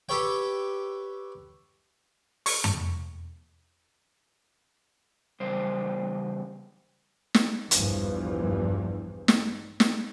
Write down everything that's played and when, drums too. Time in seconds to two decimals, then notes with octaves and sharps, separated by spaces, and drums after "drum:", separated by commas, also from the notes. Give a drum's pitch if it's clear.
0.09 G4 A4 B4 C#5 G5
2.46 C#6, drum: open hi-hat
2.64 drum: tom F2
5.40 E2 C#3 G3 C5
7.34 drum: snare
7.71 A#1 E2 G2 E3 F3, drum: hi-hat
9.28 drum: snare
9.80 drum: snare